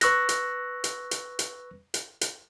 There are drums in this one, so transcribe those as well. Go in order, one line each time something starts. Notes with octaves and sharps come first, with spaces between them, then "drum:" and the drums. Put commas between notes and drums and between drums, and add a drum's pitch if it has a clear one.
B4 C#6 E6 F#6 A#6, drum: hi-hat
drum: hi-hat
drum: hi-hat
drum: hi-hat
drum: hi-hat
drum: hi-hat
drum: hi-hat